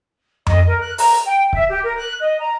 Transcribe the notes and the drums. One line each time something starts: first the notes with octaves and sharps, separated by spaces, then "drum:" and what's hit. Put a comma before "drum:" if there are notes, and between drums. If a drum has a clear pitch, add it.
D#5, drum: tom F2
A#4
F#6
A#5, drum: open hi-hat
G5
E5, drum: kick C#1
G4
A#4
F#6
D#5
A#5